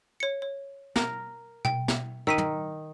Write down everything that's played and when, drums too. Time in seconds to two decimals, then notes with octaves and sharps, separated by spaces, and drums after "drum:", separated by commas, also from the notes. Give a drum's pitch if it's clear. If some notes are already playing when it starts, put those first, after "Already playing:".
0.20 C#5 C#7
0.42 C#5
0.96 A#4, drum: snare
1.65 G5, drum: tom
1.88 drum: snare
2.27 D#3 E6 B6 D#7
2.38 drum: tom